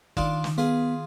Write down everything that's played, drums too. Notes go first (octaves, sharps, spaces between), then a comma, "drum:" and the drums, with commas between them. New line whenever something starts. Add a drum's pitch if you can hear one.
D#3 D4 F4, drum: kick
drum: snare
B3 F4 G#4